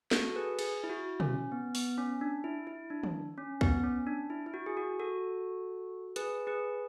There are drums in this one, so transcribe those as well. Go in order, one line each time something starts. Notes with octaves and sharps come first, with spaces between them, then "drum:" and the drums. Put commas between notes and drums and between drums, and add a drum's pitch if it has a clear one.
F#4 A4, drum: snare
G#4 B4
G#4, drum: cymbal
E4
F#4
C#4, drum: tom
B3
B3, drum: open hi-hat
C#4
D4
E4
E4
D4
drum: tom
C#4
B3, drum: kick B1
C#4
D4
E4
E4
F#4
G#4
F#4
F#4 A4
G#4 B4, drum: hi-hat
G#4 B4